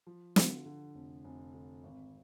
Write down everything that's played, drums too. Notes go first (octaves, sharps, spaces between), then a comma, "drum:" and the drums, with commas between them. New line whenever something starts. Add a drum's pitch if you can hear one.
F3
D3, drum: snare
D3
F1
F1
D3
G#1